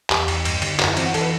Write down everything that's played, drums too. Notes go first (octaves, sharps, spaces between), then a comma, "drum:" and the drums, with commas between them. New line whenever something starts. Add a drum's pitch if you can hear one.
E2 G4, drum: clap
E2, drum: cymbal
G2, drum: cymbal
D3, drum: cymbal
F#2 F#4, drum: clap
E4
E3 C4, drum: cymbal
F#4
E3 A4, drum: cymbal
B4